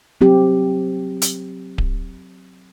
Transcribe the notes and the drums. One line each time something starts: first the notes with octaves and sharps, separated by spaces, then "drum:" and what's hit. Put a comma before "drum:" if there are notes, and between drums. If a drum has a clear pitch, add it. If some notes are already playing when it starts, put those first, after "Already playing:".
F#3 C4 G4
drum: hi-hat
drum: kick D1